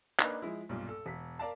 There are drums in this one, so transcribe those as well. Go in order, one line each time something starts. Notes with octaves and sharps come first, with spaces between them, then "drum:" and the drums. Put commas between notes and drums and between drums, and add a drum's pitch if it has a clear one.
A#3 D4 D#4 B4, drum: clap
F3 G#3 E4
B1 G2 A#2
A4
E1 B6
A#4 D5 F5 A5